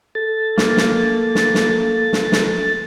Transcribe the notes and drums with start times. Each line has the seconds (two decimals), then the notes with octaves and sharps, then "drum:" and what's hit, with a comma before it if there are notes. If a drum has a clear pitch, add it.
0.15 A4 A6
0.58 A#3, drum: snare
0.77 drum: snare
1.35 drum: snare
1.55 drum: snare
2.13 drum: snare
2.32 drum: snare